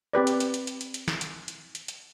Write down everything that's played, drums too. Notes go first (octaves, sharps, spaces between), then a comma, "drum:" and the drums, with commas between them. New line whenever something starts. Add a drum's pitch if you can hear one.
C4 G4 B4 D5
drum: hi-hat
drum: hi-hat
drum: hi-hat
drum: hi-hat
drum: hi-hat
drum: hi-hat
drum: snare
drum: hi-hat
drum: hi-hat
drum: hi-hat
drum: hi-hat